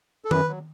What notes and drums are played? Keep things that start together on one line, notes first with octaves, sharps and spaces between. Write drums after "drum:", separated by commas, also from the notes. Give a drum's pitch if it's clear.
A4
F#2 B4, drum: tom D#3
F#3